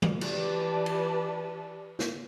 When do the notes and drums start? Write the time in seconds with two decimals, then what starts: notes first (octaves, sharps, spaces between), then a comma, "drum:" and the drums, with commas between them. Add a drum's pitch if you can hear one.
0.02 drum: tom D#3
0.21 E3 G4 B4 D5 A5, drum: cymbal
0.86 drum: cymbal
1.99 drum: snare